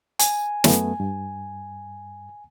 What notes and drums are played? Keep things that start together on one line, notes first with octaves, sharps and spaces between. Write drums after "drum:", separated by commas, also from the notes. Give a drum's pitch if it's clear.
G#5, drum: hi-hat
F#2 A3 B3, drum: snare
G2